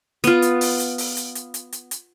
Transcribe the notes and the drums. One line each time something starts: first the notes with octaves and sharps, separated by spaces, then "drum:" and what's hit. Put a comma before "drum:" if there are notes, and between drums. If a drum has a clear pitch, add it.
B3 F4, drum: hi-hat
drum: hi-hat
drum: open hi-hat
drum: hi-hat
drum: open hi-hat
drum: hi-hat
drum: hi-hat
drum: hi-hat
drum: hi-hat
drum: hi-hat